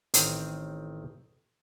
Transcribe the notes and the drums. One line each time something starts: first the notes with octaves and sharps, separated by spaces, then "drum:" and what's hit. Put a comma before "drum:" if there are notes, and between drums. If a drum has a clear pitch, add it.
A1 D#3 C4 G5, drum: hi-hat